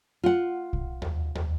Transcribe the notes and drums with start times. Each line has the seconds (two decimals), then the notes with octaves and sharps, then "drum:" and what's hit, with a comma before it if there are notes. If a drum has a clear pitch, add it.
0.24 F4 F#5
0.73 drum: kick B1
1.02 drum: tom D#2
1.35 drum: tom D#2